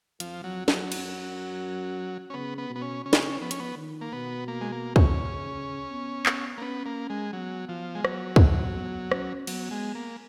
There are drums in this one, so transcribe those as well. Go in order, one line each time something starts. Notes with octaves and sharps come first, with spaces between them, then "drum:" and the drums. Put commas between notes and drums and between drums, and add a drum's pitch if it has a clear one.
F2 F3, drum: hi-hat
F#3
F#3, drum: snare
F#2, drum: cymbal
C#4
C#3 B3
B3
B2
B3
C#4
C#3 C#4
B3, drum: snare
C#4
F3 B3
C#4, drum: hi-hat
B3
D#3
A#3
B2 B3
A#3
G#3
A#3
C#4, drum: kick
C#3
B3
drum: clap
A#3
B3 C#4
A#3
G#3
F#3 B3
F3
G#3
F#3, drum: rim click
drum: kick
B3
C#4, drum: rim click
F#3 B3, drum: cymbal
G#3
A#3